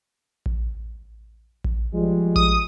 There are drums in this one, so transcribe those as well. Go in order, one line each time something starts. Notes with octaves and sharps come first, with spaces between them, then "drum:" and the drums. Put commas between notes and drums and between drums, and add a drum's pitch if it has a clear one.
drum: kick A1
drum: kick A1
F3 G3 G#3
D#6, drum: kick A1